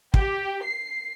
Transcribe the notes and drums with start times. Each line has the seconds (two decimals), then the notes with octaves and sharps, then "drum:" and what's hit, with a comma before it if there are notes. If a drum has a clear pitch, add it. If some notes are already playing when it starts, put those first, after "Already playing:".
0.14 G4, drum: kick
0.64 C7